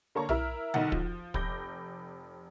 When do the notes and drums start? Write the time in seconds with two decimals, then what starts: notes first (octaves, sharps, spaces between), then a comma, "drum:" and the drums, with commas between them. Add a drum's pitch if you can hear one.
0.15 D3 A#3 C#5 A5 A#5 C#6
0.29 E4 A#4 E5 F6, drum: tom B1
0.74 B1 D#3 D#4 F#5 A6, drum: tom D3
0.92 F3, drum: kick
1.34 F1 B5 D6 G6 A#6, drum: kick